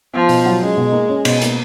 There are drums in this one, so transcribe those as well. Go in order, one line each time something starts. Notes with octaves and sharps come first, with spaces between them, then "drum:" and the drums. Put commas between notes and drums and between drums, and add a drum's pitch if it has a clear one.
F3 B3
B2, drum: open hi-hat
F#3
G#3 C#4
B2
A#3
C#4
B2, drum: cymbal
A#3, drum: hi-hat